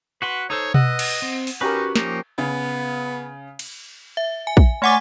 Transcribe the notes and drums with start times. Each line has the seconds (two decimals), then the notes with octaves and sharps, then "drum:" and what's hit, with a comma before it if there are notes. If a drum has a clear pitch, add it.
0.22 F#4 B4 F#5 C6
0.50 D#4 A4 C5 C#5
0.74 B4 D#5 F#5 E6, drum: tom B2
0.99 drum: cymbal
1.22 C4
1.47 drum: open hi-hat
1.61 C#4 D#4 F#4 G4 A#4 B4
1.96 F3 A#3 D#4 C#5, drum: snare
2.38 C#3 B3
3.59 drum: cymbal
4.17 E5
4.47 G#5
4.57 drum: kick
4.82 A3 C#5 F#5 G#5 D6 A6